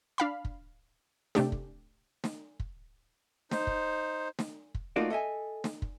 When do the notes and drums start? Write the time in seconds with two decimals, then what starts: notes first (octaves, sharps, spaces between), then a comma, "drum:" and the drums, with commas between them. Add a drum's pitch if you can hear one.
0.18 D4 F5 B5
0.45 drum: kick
1.35 C3 A3 D4 G4, drum: snare
1.52 drum: kick
2.24 drum: snare
2.60 drum: kick
3.51 D#4 C5, drum: snare
3.67 drum: kick
4.39 drum: snare
4.74 drum: kick
4.96 A3 A#3 D#4 F4 F#4 D5
5.10 A4 D#5 E5 G#5
5.64 drum: snare
5.82 drum: kick